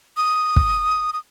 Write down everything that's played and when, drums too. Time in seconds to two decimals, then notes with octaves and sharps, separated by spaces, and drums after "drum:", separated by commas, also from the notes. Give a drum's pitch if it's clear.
0.17 D#6
0.56 drum: kick
1.13 D#6